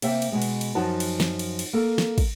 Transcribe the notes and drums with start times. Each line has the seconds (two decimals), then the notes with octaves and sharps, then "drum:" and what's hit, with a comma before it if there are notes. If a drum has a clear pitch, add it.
0.02 C3 A#3 E5 G5, drum: cymbal
0.22 drum: cymbal
0.32 B2 G#3
0.42 drum: cymbal
0.61 drum: cymbal
0.75 F#2 F3 D#4 F#4 A5
1.00 drum: cymbal
1.20 drum: snare
1.39 drum: cymbal
1.59 drum: cymbal
1.73 A#3 A4
1.98 drum: snare
2.18 drum: kick, cymbal